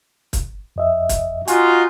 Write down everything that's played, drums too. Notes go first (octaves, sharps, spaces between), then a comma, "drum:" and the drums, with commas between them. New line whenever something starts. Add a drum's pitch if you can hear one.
drum: kick C#1, hi-hat
F2 D#5 E5
drum: kick C#1, hi-hat
D#4 F4 F#4 G#5, drum: hi-hat